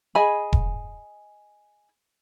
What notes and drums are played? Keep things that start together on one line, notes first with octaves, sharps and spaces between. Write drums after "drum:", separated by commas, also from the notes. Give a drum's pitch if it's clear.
G#4 D#5 G#5 B5
drum: kick E1